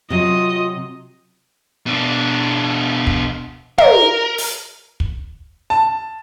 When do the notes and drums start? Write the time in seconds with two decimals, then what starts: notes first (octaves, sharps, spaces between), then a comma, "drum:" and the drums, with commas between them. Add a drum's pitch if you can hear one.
0.10 C3 F#3 F4 D#5
1.86 B2 D4
3.07 drum: kick
3.78 A#4, drum: tom
4.38 drum: open hi-hat
5.00 drum: kick
5.70 A5